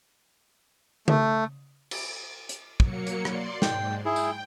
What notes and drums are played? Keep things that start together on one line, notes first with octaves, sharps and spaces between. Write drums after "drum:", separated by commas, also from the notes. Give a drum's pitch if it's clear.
A3, drum: tom C#3
drum: cymbal
drum: hi-hat
F#3 A#3 C#7, drum: kick
drum: hi-hat
D5 C6, drum: rim click
G#2 G5, drum: snare
E4 G#4 G5
drum: tambourine